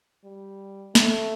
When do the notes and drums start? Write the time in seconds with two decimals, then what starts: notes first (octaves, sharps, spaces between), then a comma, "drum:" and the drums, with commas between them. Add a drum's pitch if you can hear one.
0.24 G3
0.95 A3, drum: snare